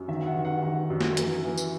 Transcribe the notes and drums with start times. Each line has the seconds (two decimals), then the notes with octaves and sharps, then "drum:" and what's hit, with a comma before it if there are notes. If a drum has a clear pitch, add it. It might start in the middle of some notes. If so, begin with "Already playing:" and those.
Already playing: F#2
0.08 D#3 E5
0.21 E5
0.26 F#5
0.36 D#3
0.45 F#5
0.63 D#3 F#5
0.90 F#2
1.01 drum: snare
1.17 E3, drum: hi-hat
1.45 E3
1.58 drum: tambourine